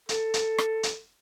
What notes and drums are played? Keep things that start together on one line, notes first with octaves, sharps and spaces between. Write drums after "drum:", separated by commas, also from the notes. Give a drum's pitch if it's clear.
A4, drum: hi-hat
drum: hi-hat
drum: rim click
drum: hi-hat